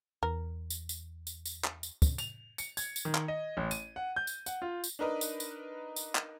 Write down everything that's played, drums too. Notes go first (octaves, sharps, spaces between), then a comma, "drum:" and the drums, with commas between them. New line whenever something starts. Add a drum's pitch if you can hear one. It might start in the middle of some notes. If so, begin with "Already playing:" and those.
E2 A#4
drum: tambourine
drum: tambourine
drum: tambourine
drum: tambourine
drum: clap
drum: tambourine
drum: kick, tambourine
F7, drum: tambourine
C#7, drum: tambourine
G#6, drum: tambourine
drum: tambourine
D#3
drum: clap
D#5
A1
D#7, drum: tambourine
F#5
G6
drum: tambourine
F#5, drum: tambourine
F4
drum: tambourine
D4 D#4 A#4 B4 D#5
drum: tambourine
drum: tambourine
drum: tambourine
drum: clap